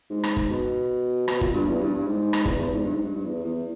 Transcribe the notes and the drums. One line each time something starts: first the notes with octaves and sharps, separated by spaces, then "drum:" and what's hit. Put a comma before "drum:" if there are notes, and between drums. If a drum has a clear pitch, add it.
G#2
drum: rim click
drum: kick G1
B2
B2, drum: rim click
A#2, drum: kick G1
G2
E2
G2
G2
G#2
drum: rim click
E2, drum: kick G1
E2
G#2
G2
G#2
G2
G2
E2
E2